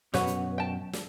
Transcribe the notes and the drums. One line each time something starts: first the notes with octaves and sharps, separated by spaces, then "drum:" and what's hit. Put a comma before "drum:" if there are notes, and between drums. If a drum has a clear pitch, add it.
F#2 B2 F#4 B4 C#5 F#5, drum: snare
drum: hi-hat
G5 A5
drum: snare